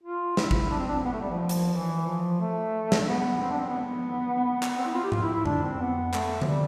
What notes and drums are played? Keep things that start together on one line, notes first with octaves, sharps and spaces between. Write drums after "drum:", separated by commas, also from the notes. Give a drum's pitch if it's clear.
F4
E4, drum: snare
drum: kick
D4
C4
D4
B3
A3
G3
F3
drum: hi-hat
E3
F3
A3
drum: snare
B3
C4
D4
C4
B3
B3
drum: clap
C4
E4
F4
G4
F4, drum: tom G#2
E4
E4
D4, drum: tom F2
C4
B3
A3, drum: clap
F3, drum: tom D3
G3